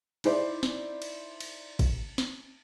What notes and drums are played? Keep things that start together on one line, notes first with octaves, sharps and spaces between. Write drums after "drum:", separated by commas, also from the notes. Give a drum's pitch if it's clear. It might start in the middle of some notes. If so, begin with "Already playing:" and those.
D#4 E4 C5 D5, drum: cymbal
drum: snare
drum: cymbal
drum: cymbal
drum: kick, cymbal
drum: snare